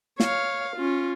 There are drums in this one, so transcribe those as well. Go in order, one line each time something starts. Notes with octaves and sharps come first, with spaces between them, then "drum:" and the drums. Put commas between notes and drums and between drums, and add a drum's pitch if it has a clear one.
C#5 F5, drum: snare
C#4 F4